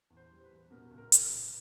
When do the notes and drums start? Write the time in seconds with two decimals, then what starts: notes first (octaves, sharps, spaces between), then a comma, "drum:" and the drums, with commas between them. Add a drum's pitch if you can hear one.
0.10 E2
0.17 C5
0.31 G3
0.44 B4
0.51 E2
0.71 B2 A#4
0.91 C#2
0.98 A#4
1.12 G3, drum: hi-hat
1.25 B4
1.31 C#2